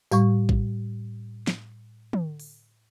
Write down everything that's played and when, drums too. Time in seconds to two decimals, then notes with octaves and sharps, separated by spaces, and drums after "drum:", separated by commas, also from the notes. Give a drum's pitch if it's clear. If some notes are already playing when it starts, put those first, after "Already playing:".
0.12 A2 G3 C#6, drum: tambourine
0.49 drum: kick A#1
1.47 drum: snare
2.13 drum: tom
2.40 drum: open hi-hat